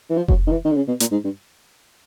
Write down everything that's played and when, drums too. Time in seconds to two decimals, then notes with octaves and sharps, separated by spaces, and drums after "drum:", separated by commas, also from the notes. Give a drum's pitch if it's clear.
0.10 E3
0.17 F3
0.28 F#3, drum: kick F1
0.47 D#3
0.52 E3
0.65 D#3
0.72 D3
0.76 C#3
0.88 B2
1.00 A#2, drum: hi-hat
1.12 G#2
1.24 G2